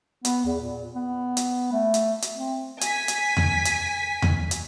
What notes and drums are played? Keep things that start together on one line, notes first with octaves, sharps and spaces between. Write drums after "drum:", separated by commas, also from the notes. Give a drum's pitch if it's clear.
B3, drum: hi-hat
E2
A#2
B3
drum: hi-hat
A3
drum: hi-hat
drum: hi-hat
C4
G#5 B6, drum: hi-hat
drum: hi-hat
drum: tom E2
drum: hi-hat
drum: tom E2
drum: hi-hat